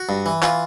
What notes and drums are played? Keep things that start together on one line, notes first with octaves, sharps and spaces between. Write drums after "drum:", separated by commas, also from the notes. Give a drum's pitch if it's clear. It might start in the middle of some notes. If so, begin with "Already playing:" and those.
Already playing: F#4
G2
E3
E3 F4, drum: clap